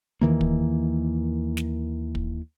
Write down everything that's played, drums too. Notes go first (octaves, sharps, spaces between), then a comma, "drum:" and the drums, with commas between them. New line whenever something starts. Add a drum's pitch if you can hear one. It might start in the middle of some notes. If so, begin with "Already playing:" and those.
D#2 D#3 E3 A#3
drum: kick
drum: snare
drum: kick